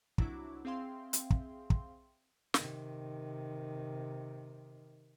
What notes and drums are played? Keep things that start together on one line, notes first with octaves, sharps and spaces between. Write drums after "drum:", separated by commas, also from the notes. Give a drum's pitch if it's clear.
C2 F#3 D4 E4 F#4 D6, drum: kick
C4 G#4 E5 F5 G5 C6
drum: hi-hat
drum: kick
drum: kick
C3 D#3, drum: snare